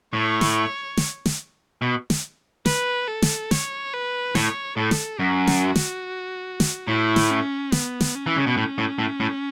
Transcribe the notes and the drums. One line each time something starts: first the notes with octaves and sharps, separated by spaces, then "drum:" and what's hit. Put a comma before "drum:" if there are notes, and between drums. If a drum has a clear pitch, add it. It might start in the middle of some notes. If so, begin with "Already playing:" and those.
A2 C#5
drum: snare
drum: snare
drum: snare
B2
drum: snare
B4, drum: snare
A4
drum: snare
C#5, drum: snare
B4
A2 C#5, drum: snare
A2 A4
drum: snare
F#2 F#4
drum: snare
drum: snare
drum: snare
A2 E4
drum: snare
C#4
B3, drum: snare
drum: snare
C#4
E3
C#3
B2
A2
A2
A2
A2